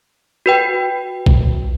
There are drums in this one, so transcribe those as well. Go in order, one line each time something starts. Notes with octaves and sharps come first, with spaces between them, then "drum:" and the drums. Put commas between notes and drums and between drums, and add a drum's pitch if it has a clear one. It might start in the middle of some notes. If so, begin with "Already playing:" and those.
F#4 B4 G5
drum: kick B1